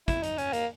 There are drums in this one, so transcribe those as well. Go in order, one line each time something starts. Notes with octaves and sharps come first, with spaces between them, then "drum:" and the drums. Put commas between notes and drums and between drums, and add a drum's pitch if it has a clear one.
E4, drum: kick, hi-hat
D#4, drum: hi-hat
C#4, drum: hi-hat
A#3, drum: hi-hat